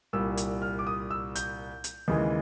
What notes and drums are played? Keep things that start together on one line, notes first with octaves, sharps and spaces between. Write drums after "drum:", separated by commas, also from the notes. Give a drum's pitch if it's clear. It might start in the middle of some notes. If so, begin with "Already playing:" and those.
C2 A#2 G3 E6
drum: hi-hat
F6
D6
D#6
E6
G6, drum: hi-hat
drum: hi-hat
D#2 C#3 E3 G#3